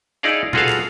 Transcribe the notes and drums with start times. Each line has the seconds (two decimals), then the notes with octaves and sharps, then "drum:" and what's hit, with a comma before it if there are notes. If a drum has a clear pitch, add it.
0.23 D#4 E4 G#4 D5 D#5 F5
0.53 F4 F#4 G#4 A4 B4 F5, drum: tom A#2
0.69 drum: clap